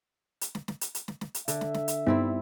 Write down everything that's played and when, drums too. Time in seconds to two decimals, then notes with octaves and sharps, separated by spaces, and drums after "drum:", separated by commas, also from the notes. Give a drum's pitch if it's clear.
0.41 drum: hi-hat
0.55 drum: snare
0.68 drum: snare
0.81 drum: hi-hat
0.95 drum: hi-hat
1.08 drum: snare
1.21 drum: snare
1.35 drum: hi-hat
1.48 D3 E5, drum: hi-hat
1.61 drum: snare
1.74 drum: snare
1.88 drum: hi-hat
2.07 G2 G3 B3 C4 D#4 E4